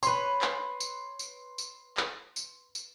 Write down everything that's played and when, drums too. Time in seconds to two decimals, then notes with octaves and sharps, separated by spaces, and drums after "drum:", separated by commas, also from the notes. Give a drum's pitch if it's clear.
0.03 B4 C#5 C6, drum: tambourine
0.42 drum: clap
0.80 drum: tambourine
1.19 drum: tambourine
1.58 drum: tambourine
1.97 drum: clap
2.36 drum: tambourine
2.75 drum: tambourine